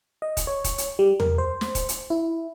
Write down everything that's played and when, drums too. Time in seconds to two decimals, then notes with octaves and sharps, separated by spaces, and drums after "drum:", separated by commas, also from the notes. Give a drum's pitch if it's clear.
0.22 D#5
0.37 drum: kick D#1, hi-hat
0.47 C#5
0.64 drum: kick D#1, hi-hat
0.78 drum: hi-hat
0.99 G3
1.20 A#4, drum: tom
1.38 C5
1.61 drum: snare
1.75 drum: kick D#1, hi-hat
1.89 drum: hi-hat
2.10 E4